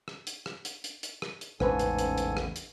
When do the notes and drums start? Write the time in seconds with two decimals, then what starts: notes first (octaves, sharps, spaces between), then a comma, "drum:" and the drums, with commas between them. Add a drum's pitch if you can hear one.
0.08 drum: rim click
0.27 drum: hi-hat
0.46 drum: rim click
0.65 drum: hi-hat
0.84 drum: hi-hat
1.03 drum: hi-hat
1.22 drum: rim click
1.41 drum: hi-hat
1.60 A1 E2 G#2 C#3 A4 B4 C5 G#5, drum: rim click
1.79 drum: hi-hat
1.99 drum: hi-hat
2.18 drum: hi-hat
2.37 drum: rim click
2.56 drum: hi-hat